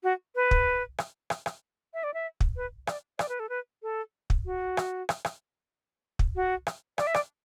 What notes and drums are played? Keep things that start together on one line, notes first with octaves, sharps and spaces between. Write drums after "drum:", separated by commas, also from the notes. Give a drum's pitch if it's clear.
F#4
B4
drum: kick
drum: rim click
drum: rim click
drum: rim click
E5
D5
E5
drum: kick
B4
D5, drum: rim click
D5, drum: rim click
B4
A4
B4
A4
drum: kick
F#4
drum: rim click
drum: rim click
drum: rim click
drum: kick
F#4
drum: rim click
D5, drum: rim click
E5
D5, drum: rim click